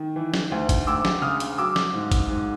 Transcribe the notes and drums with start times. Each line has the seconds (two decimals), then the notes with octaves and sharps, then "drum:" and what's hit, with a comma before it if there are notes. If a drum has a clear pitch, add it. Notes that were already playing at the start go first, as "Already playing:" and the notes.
Already playing: D#3
0.16 E3
0.34 drum: snare
0.51 D2
0.69 drum: kick, hi-hat
0.87 D2 D6 E6
1.05 drum: snare
1.22 C#3 D#6 F6
1.40 drum: hi-hat
1.58 F#3 D6 E6
1.76 drum: snare
1.94 G#2
2.12 drum: kick, hi-hat
2.29 G#2